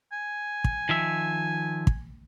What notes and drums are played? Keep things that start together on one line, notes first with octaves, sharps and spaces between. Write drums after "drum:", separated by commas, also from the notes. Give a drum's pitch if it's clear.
G#5
drum: kick
D#3 F3 E5
drum: kick